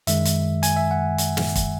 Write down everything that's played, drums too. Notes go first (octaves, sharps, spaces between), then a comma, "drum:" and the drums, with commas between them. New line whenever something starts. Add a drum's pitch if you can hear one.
F#2 D#3 G#3 E5, drum: hi-hat
drum: hi-hat
G#5, drum: hi-hat
E5
F#5
drum: hi-hat
drum: snare
drum: kick, hi-hat